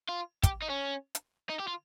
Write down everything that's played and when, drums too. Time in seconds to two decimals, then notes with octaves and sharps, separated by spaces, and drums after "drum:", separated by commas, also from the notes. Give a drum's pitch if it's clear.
0.09 F4
0.43 G4, drum: kick, hi-hat
0.62 D#4
0.70 C#4
1.15 drum: hi-hat
1.50 D#4
1.60 G4
1.67 F4